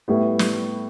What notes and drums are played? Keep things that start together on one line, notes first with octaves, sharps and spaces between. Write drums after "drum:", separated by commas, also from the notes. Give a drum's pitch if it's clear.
A2 G3 B3 E4
drum: snare